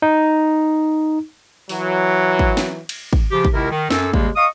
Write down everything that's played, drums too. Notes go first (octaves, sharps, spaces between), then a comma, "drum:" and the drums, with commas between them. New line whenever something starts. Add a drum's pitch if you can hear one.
D#4
E3 F#3, drum: open hi-hat
drum: kick
drum: snare
drum: cymbal
drum: kick
C#3 F3 G4
drum: kick
C#2 C3 E4 A#4
D#3
F#2 A4, drum: snare
D#2 C#3 G3 G#3 A#3, drum: kick
D#5 F5 C#6 D#6